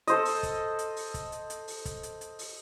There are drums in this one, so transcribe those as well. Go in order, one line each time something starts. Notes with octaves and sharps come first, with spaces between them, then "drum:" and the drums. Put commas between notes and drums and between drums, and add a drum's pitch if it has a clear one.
A4 C5 D#5, drum: hi-hat
drum: open hi-hat
drum: kick, hi-hat
drum: hi-hat
drum: open hi-hat
drum: kick, hi-hat
drum: hi-hat
drum: hi-hat
drum: open hi-hat
drum: kick, hi-hat
drum: hi-hat
drum: hi-hat
drum: open hi-hat